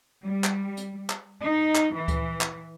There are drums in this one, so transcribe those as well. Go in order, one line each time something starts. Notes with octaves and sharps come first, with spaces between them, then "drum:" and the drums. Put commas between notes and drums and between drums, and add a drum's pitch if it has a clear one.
G3
drum: clap
drum: hi-hat
drum: clap
D#4
drum: clap
E3
drum: kick D2, hi-hat
drum: clap